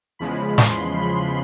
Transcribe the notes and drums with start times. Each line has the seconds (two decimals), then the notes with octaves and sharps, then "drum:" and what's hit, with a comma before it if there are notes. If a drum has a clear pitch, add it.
0.19 E2 C#3 F3 G#3 B5
0.58 C6, drum: snare
0.96 B5